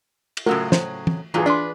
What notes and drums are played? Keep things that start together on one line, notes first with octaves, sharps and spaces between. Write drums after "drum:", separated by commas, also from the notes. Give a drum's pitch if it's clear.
drum: cymbal
A2 C#3 F#3 A3 F4 F#4 A#4 E6
C5, drum: snare
drum: tom
G2 A#2 E3 F#3 F4 G#4
D4 B4 D5 C6